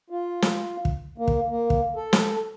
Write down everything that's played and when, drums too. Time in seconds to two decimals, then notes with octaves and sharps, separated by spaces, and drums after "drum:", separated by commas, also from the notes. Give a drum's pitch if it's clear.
0.10 F4
0.42 drum: snare
0.85 drum: kick
1.18 A#3
1.28 drum: kick
1.49 A#3
1.70 drum: kick
1.96 A4
2.13 drum: snare